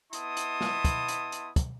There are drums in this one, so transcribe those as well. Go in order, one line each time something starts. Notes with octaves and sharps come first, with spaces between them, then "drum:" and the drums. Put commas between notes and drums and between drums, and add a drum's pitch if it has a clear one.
B3 E4 D#5 A5 C6 D#6, drum: hi-hat
drum: hi-hat
drum: snare
drum: kick, hi-hat
drum: hi-hat
drum: hi-hat
drum: kick, hi-hat